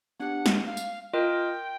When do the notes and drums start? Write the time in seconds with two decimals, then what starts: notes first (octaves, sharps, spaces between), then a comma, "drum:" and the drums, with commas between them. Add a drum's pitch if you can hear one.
0.20 B3 D4 G4 F#5
0.46 drum: snare
0.66 F5
0.77 drum: tambourine
1.13 F4 A#4 D#5 G5